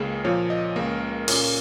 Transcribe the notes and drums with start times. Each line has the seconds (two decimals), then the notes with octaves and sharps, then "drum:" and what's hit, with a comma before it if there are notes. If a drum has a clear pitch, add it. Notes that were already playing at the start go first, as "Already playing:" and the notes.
Already playing: C#2 C#3 A#3 C#4 G#4
0.25 A#2 F3 A#3 C#5
0.50 D#5
0.76 C#2 C#3 A#3 A#4
1.28 A#2 A#3 C#4, drum: open hi-hat